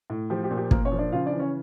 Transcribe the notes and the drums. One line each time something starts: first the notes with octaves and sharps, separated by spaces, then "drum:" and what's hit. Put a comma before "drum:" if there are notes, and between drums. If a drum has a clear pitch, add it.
A2
F3 G4
G4
A#2
G4
A#2 A#3 A#4, drum: kick
C#4 C#5
F3
D4 D5
C#3 F4 F5
D4 D5
E3
C#4 C#5